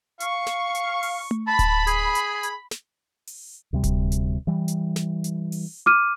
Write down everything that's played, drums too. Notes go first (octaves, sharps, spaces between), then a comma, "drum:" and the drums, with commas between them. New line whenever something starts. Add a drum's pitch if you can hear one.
F5 C#6, drum: hi-hat
drum: snare
drum: hi-hat
drum: open hi-hat
drum: tom A3
A5 B5
drum: kick D1, hi-hat
G#4, drum: hi-hat
drum: hi-hat
drum: hi-hat
drum: snare
drum: open hi-hat
D2 C3 G3
drum: kick D1, hi-hat
drum: hi-hat
E3 G3
drum: hi-hat
drum: snare
drum: hi-hat
drum: open hi-hat
D6 F6 D#7